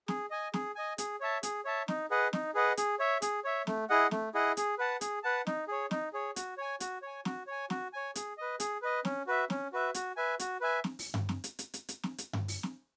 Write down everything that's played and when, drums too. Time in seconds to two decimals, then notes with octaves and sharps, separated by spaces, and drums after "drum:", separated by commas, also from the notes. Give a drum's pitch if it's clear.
0.08 G#4, drum: snare
0.31 D#5 G#5
0.54 G#4, drum: snare
0.75 D#5 G#5
0.98 G#4, drum: hi-hat
1.21 C#5 E5 A5
1.43 G#4, drum: hi-hat
1.65 C#5 E5 A5
1.88 D#4, drum: snare
2.10 G#4 B4 D#5 F#5
2.33 D#4, drum: snare
2.55 G#4 B4 D#5 F#5
2.77 G#4, drum: hi-hat
2.99 C#5 E5
3.22 G#4, drum: hi-hat
3.44 C#5 E5
3.67 A3, drum: snare
3.89 E4 G#4 D#5 F#5
4.11 A3, drum: snare
4.34 E4 G#4 D#5 F#5
4.57 G#4, drum: hi-hat
4.79 B4 F#5 A5
5.01 G#4, drum: hi-hat
5.23 B4 F#5 A5
5.47 D#4, drum: snare
5.68 G#4 C#5
5.91 D#4, drum: snare
6.13 G#4 C#5
6.36 F#4, drum: hi-hat
6.58 C#5 G#5
6.80 F#4, drum: hi-hat
7.02 C#5 G#5
7.25 F#4, drum: snare
7.47 C#5 G#5
7.70 F#4, drum: snare
7.93 C#5 G#5
8.15 G#4, drum: hi-hat
8.38 B4 D#5
8.60 G#4, drum: hi-hat
8.82 B4 D#5
9.05 C#4, drum: snare
9.27 F#4 B4 E5
9.50 C#4, drum: snare
9.72 F#4 B4 E5
9.94 F#4, drum: hi-hat
10.17 B4 E5 G#5
10.39 F#4, drum: hi-hat
10.61 B4 E5 G#5
10.84 drum: snare
10.99 drum: open hi-hat
11.14 drum: tom G2
11.29 drum: snare
11.44 drum: hi-hat
11.59 drum: hi-hat
11.74 drum: hi-hat
11.89 drum: hi-hat
12.03 drum: snare
12.18 drum: hi-hat
12.33 drum: tom G2
12.48 drum: open hi-hat
12.63 drum: snare